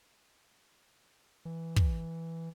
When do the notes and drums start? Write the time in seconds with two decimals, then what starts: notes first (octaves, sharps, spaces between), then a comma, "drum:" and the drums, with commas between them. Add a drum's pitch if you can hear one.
1.45 E3
1.76 drum: kick